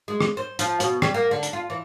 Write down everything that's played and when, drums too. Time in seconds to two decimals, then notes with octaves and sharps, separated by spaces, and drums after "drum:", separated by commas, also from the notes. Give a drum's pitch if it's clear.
0.08 G#3
0.21 drum: rim click
0.37 C5
0.59 F3, drum: hi-hat
0.80 B2, drum: hi-hat
1.02 G3, drum: rim click
1.14 A#3
1.31 D3
1.43 drum: hi-hat
1.53 F4
1.70 E3